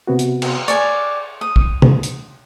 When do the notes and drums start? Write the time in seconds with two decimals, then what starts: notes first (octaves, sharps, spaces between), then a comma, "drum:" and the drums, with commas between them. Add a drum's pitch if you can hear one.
0.07 C3 B3 F#4
0.19 drum: hi-hat
0.42 drum: cymbal
0.68 D5 G#5 C#6, drum: hi-hat
1.41 D#6
1.56 drum: kick
1.82 drum: tom
2.03 drum: hi-hat